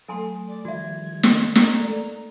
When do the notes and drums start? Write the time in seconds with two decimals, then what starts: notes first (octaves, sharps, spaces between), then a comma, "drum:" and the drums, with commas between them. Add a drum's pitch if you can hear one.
0.08 F#3 A3 A4 G#5 C6
0.47 D5
0.65 D#3 F3 G3 F#4 E5 G#6
1.23 C6, drum: snare
1.55 A#3 A#5, drum: snare
1.80 A4 D5